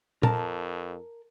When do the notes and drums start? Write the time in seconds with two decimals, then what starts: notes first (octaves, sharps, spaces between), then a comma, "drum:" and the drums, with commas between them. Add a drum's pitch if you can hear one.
0.23 F2 A#4 A5, drum: tom A#2